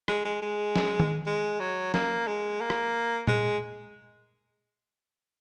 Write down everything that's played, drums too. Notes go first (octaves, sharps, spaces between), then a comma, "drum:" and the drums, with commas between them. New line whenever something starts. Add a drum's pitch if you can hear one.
G#3, drum: rim click
G#3
G#3
drum: snare
drum: tom D#3
G#3
F#3
A#3, drum: snare
G#3
A#3
drum: rim click
G#3, drum: tom A#2